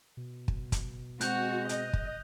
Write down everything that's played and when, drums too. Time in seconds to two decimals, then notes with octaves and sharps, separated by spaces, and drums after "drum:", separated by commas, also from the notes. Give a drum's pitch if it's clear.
0.17 B2
0.48 drum: kick
0.72 drum: kick, hi-hat
1.21 G#3 C4 F#4 F#6 G6 F7, drum: hi-hat
1.69 D#5, drum: hi-hat
1.93 drum: kick